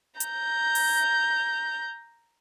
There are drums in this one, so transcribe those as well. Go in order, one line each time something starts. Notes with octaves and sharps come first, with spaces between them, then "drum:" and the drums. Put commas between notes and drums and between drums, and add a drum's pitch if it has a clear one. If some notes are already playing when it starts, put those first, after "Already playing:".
A#5 G6, drum: hi-hat
drum: open hi-hat